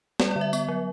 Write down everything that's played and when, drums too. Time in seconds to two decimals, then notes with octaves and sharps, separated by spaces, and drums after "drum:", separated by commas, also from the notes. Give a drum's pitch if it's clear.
0.20 G3 D5, drum: snare
0.31 D3 D5
0.41 E5
0.53 B3, drum: tambourine
0.68 F#3